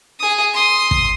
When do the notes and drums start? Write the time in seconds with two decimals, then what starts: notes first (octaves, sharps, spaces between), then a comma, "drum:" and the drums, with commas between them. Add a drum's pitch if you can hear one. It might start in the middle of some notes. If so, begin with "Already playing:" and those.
0.20 G#4 D#6
0.53 C6 D#6
0.91 drum: kick